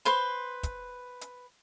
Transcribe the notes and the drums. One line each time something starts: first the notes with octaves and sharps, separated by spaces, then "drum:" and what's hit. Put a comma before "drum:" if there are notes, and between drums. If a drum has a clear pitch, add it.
B4 C5 C6, drum: hi-hat
drum: kick, hi-hat
drum: hi-hat